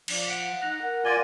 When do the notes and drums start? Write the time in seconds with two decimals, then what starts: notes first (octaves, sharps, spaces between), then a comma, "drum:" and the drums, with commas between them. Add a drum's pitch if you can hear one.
0.08 F3 D4, drum: cymbal
0.26 F#5 B6 C#7 D7
0.62 D#4 F#6 A#6 F7
0.82 A#4 F#5
1.05 F4 D5 G#5 A#6 G7